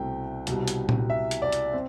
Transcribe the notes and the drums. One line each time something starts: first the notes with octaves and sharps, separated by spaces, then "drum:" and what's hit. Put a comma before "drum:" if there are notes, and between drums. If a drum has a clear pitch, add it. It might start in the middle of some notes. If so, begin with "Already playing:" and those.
Already playing: C2 B2 A3 C4 G5
C2 B2 G3, drum: hi-hat
drum: hi-hat
drum: tom A#2
E5
drum: hi-hat
D5
drum: hi-hat
C4